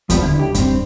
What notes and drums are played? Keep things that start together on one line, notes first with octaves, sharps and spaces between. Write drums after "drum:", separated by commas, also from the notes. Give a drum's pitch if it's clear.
F3 G3 B3 D#4 F4, drum: kick D#2, hi-hat
D3 E4
C#2 G4
G2 C4, drum: kick D#2, hi-hat